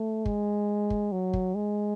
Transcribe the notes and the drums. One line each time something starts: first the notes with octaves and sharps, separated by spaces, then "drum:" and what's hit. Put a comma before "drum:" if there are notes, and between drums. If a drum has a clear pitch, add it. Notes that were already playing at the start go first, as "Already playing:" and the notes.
Already playing: A3
G#3, drum: kick
drum: kick
F#3
drum: kick
G#3